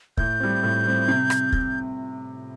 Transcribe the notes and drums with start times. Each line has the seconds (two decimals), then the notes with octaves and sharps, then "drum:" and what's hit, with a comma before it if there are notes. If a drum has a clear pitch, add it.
0.17 A2 G6, drum: kick
0.40 G3 C4
0.63 A2
0.85 G3 C4
1.08 C3
1.30 drum: rim click
1.52 drum: kick